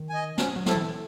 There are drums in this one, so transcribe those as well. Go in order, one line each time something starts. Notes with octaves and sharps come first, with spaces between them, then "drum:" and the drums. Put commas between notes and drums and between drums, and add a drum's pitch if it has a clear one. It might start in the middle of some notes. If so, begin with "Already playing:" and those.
Already playing: D#3
D#5 G#5
C#4, drum: snare
F#3
E4 A4, drum: snare
E3